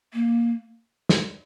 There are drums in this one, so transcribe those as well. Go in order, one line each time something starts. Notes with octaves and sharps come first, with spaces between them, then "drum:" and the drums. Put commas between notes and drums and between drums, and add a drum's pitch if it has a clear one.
A#3
drum: snare